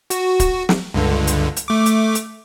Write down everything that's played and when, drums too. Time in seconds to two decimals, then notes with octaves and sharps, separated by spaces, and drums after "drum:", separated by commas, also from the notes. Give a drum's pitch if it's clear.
0.10 F#4, drum: hi-hat
0.40 drum: kick, hi-hat
0.69 drum: snare
0.94 C#2 G2 D3
1.27 drum: hi-hat
1.56 drum: hi-hat
1.68 A3 D6
1.86 drum: hi-hat
2.15 drum: hi-hat